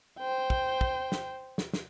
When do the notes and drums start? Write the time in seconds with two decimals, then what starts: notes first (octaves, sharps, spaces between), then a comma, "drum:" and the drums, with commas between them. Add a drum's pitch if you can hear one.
0.19 C5 G5
0.50 drum: kick
0.81 drum: kick
1.12 drum: snare
1.58 drum: snare
1.73 drum: snare